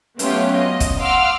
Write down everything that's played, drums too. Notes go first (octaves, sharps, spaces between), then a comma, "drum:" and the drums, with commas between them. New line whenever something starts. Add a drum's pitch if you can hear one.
F#3 A3 B3 C#4 F4 G4, drum: hi-hat
D#5
drum: kick, hi-hat
F5 F#5 C6 D6 E6 F6